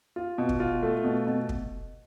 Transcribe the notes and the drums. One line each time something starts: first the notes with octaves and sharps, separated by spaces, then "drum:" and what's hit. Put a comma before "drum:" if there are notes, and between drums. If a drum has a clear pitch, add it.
F4
B2
drum: kick
F4
A3
B2
B2
drum: kick